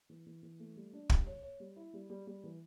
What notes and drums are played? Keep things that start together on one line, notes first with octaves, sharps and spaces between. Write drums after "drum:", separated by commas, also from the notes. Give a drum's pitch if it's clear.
E3
E3
E3
A3
G3
D4
G3, drum: kick
C#5
C#5
G3
E4
G3
G3
G3
E3